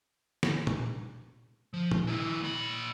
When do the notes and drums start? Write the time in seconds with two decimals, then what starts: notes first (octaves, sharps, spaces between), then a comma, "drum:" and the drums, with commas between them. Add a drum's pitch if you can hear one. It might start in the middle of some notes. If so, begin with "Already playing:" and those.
0.43 drum: snare
0.67 drum: tom
1.73 F3
1.91 drum: tom
2.07 D#3 E4
2.42 A#2 B5